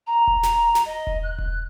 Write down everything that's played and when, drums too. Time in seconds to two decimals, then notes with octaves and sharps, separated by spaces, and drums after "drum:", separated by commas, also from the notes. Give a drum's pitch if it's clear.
0.06 A#5
0.27 drum: kick E1
0.43 drum: snare
0.75 drum: snare
0.85 D#5
1.07 drum: kick E1
1.23 F#6
1.39 drum: kick E1